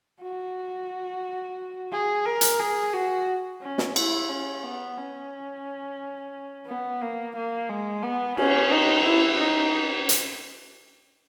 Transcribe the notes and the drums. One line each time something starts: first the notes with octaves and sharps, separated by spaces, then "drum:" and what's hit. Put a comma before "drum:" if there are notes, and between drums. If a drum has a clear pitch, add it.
F#4
G#4
A#4
drum: hi-hat
G#4
F#4
C#4
drum: snare
E4, drum: cymbal
C#4
B3
C#4
B3
A#3
A#3
G#3
B3
C#4, drum: cymbal
D#4
E4
D#4
drum: hi-hat